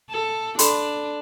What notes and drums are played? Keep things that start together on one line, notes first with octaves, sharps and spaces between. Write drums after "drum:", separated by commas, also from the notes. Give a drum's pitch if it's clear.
A4
D4 A4 B5 C6, drum: hi-hat